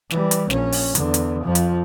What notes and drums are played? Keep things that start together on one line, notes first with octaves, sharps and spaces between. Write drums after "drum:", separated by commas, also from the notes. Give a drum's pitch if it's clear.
E3 G3, drum: snare
drum: hi-hat
A#1 C#4, drum: snare
drum: open hi-hat
E2 D3, drum: hi-hat
drum: hi-hat
F2 F3
drum: hi-hat